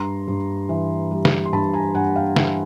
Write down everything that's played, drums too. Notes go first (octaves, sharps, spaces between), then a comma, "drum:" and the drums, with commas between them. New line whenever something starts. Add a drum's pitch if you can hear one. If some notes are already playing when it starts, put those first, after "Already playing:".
Already playing: G2 A#5 C6
G2
E3
G3
drum: snare
C6
G2 A5 B5
G#5 A#5
G2 F#5 G#5
F5 G5
E3 E5 F#5, drum: snare